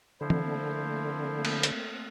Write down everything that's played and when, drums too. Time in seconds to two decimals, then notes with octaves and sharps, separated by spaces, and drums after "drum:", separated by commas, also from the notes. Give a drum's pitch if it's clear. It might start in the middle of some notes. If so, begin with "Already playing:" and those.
0.21 D3 F3 A3 A#3 C4 E4 C5
0.30 drum: tom E3
1.45 drum: cymbal
1.63 drum: hi-hat